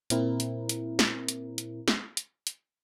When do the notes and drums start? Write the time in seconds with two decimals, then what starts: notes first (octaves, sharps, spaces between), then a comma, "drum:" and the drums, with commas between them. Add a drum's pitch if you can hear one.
0.10 A#2 C4 E4 A#4, drum: hi-hat
0.40 drum: hi-hat
0.69 drum: hi-hat
0.99 drum: snare
1.28 drum: hi-hat
1.58 drum: hi-hat
1.88 drum: snare
2.17 drum: hi-hat
2.47 drum: hi-hat